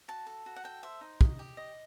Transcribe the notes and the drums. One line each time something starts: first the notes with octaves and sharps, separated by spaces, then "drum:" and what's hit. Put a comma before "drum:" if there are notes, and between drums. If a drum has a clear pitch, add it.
F#4 A5
A4
F#4
F#5
A4 G5
C5 E5
D#4
D#5, drum: kick
G4
D#5